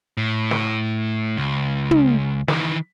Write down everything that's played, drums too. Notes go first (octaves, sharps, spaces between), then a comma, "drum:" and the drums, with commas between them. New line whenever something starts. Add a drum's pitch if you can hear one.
A2
drum: snare
C#2
drum: tom
D#3 E3, drum: snare